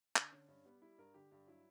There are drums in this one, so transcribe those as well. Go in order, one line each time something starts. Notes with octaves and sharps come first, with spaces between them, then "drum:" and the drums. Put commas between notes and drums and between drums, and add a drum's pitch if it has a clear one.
D3 D4, drum: clap
D3 C#4
G2 C#4
G3 B3
G3 E4
G2 A#4
D3 G4
G2 G4
F#3 E4